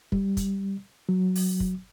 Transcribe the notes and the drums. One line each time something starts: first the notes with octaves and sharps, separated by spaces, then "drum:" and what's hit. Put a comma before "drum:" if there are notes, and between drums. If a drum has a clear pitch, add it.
G3, drum: kick
drum: kick, hi-hat
F#3
drum: open hi-hat
drum: kick